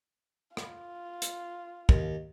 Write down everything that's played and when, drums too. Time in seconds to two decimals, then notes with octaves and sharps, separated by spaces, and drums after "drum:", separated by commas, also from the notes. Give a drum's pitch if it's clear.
0.57 F4, drum: rim click
1.22 drum: hi-hat
1.89 D#2, drum: kick